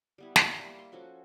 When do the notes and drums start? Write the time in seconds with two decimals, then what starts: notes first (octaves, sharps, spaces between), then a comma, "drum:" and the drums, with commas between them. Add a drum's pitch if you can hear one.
0.18 G3 B3 E4
0.36 E4 E5, drum: snare
0.59 G3 A#3
0.79 C6
0.92 F3 C#4 F#4 A4